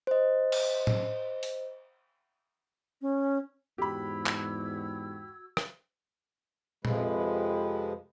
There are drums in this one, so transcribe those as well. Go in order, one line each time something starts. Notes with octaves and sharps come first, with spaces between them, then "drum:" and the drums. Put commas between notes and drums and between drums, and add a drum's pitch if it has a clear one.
C5 D#5
drum: cymbal
drum: tom A2
drum: open hi-hat
C#4
E2 G#2 F#4 G4 B5 E6 G#6
drum: clap
drum: rim click
F2 C3 F3 G#3 B4, drum: tom A#2